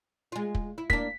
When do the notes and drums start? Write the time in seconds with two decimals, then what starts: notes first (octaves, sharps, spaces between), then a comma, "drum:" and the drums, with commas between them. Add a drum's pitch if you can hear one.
0.32 G#3 F4
0.55 drum: kick
0.78 E4
0.90 A#3 D4 B6, drum: kick